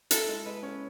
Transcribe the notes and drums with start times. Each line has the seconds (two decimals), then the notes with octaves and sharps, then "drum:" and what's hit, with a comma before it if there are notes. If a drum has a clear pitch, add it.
0.11 E4 A4, drum: hi-hat
0.29 G#3
0.45 G#3 B4
0.63 C#4